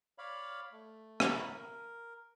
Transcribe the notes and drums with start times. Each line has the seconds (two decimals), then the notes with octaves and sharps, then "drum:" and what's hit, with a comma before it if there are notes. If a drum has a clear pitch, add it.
0.18 C#5 D5 F5 B5
0.72 A3
1.20 E4 A4 F5 A#5 B5 C#6, drum: rim click
1.54 A#4